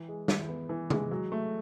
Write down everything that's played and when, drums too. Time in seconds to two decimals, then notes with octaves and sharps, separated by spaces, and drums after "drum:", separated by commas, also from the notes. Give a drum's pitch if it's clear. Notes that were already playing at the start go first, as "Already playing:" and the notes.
Already playing: E3
0.09 G#3
0.28 E4, drum: snare
0.49 B3
0.69 E3
0.90 G#3, drum: tom
1.11 F#3
1.32 A3